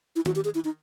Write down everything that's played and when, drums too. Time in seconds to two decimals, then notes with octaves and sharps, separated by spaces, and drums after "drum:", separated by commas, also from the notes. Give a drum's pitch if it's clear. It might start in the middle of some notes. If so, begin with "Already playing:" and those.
0.16 E4
0.26 F#4, drum: tom D#3
0.36 G4
0.45 G#4
0.55 E4
0.65 D#4